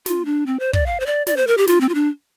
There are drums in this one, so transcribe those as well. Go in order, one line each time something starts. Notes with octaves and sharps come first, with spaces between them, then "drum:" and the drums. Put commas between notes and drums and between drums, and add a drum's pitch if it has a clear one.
F4, drum: snare
D4
C4
C5
D5, drum: kick
F5
C5
D5
D5, drum: snare
C5
A#4
G4
F4, drum: snare
C4
F4
D4